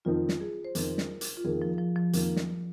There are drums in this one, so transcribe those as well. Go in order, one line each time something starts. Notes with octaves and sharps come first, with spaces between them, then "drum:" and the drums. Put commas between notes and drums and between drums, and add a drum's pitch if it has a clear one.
F2 D#3 C4 D#4 F4
drum: snare
G#4
C5
F2 D#3 C4 D#4 A#4, drum: hi-hat
drum: snare
drum: hi-hat
F4
F2 D#3 A#3 G#4
F3
F3
F3
F2 D#3 A#3, drum: hi-hat
drum: snare